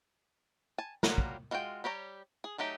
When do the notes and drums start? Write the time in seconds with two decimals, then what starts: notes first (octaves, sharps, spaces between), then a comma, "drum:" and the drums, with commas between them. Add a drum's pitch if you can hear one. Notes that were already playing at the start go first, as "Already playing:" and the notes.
0.78 G#5 A5
1.03 F#3 G3 A#3 F4 F#4, drum: snare
1.18 drum: kick
1.51 G#3 F4 F#4 A4 G5
1.84 G3 G4 C#5 A#5
2.44 G#4
2.58 F#3 A3 D#4 G4